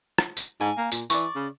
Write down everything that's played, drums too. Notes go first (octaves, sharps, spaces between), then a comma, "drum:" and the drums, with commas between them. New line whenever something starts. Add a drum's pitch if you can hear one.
drum: rim click
drum: tambourine
G#2 G#5
A#3
A#2, drum: tambourine
E3 D5 C#6, drum: tambourine
C#3